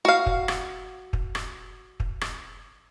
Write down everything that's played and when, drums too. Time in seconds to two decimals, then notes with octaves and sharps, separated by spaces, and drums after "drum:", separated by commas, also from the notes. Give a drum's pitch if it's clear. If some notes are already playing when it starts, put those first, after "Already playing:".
0.05 F#4 F5
0.26 drum: kick
0.48 drum: rim click
1.13 drum: kick
1.35 drum: rim click
2.00 drum: kick
2.21 drum: rim click